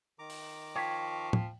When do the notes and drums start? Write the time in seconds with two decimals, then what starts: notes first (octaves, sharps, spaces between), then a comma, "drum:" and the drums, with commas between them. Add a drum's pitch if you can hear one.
0.19 D#3 A#5 D6
0.30 drum: open hi-hat
0.75 F3 C#5 G5 B6
1.33 drum: tom